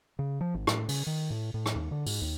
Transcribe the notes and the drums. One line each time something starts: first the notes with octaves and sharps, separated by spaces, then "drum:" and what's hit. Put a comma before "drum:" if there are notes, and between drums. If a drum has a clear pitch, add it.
C#3
F3
G#1
A2, drum: rim click
C#3, drum: open hi-hat
D#3
A2
A2
drum: rim click
D#2
D3
G#2, drum: open hi-hat
D#2